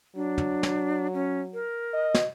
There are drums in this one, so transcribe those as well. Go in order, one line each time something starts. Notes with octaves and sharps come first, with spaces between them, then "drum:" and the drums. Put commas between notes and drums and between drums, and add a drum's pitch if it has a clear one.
F#3 D4
drum: tom
drum: snare
C#4
A#4
D#5
drum: snare